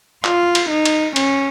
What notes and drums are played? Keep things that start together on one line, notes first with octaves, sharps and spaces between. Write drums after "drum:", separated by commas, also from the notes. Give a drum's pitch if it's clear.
F4, drum: clap
drum: cymbal
D#4
drum: cymbal
C#4, drum: cymbal